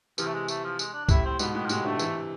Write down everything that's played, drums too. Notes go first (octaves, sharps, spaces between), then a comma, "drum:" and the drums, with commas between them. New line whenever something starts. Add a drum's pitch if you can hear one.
C3 E3 F3, drum: tambourine
A3
G#3
A3, drum: tambourine
F3
G#3, drum: tambourine
D4
D4
A2 C3 E4, drum: kick C2, tambourine
C4
G#2 B2 B3, drum: tambourine
A2 B3
F3
A2 C3 G#3, drum: tambourine
B2 D3 A3
C3 E3, drum: tambourine